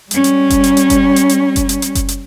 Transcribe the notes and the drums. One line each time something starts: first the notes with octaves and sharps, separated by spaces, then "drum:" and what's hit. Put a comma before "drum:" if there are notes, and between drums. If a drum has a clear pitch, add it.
G3 C#4, drum: hi-hat
drum: hi-hat
drum: kick F#1, hi-hat
drum: hi-hat
drum: hi-hat
drum: kick F#1, hi-hat
drum: hi-hat
drum: hi-hat
drum: kick F#1, hi-hat
drum: hi-hat
drum: hi-hat
drum: kick F#1, hi-hat
drum: hi-hat